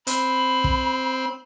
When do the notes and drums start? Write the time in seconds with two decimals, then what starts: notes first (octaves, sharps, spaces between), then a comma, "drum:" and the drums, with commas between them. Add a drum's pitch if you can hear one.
0.07 C4 B5, drum: hi-hat
0.64 drum: kick